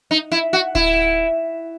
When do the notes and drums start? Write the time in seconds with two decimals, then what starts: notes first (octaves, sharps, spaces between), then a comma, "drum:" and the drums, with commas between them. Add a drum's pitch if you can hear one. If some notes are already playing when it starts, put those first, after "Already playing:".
0.11 D#4
0.32 E4
0.53 F#4
0.75 E4, drum: kick D1